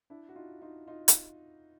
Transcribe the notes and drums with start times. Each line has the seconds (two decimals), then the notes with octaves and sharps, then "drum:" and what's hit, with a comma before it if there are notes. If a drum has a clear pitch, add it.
0.10 D4 E4
0.29 F#4
0.36 D#4 F4
0.62 D#4 F4
0.87 D#4 F4
1.08 drum: hi-hat